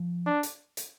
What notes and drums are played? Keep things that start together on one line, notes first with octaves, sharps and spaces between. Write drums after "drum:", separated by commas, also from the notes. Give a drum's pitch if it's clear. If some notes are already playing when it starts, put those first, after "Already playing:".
Already playing: F3
D4
drum: hi-hat
drum: hi-hat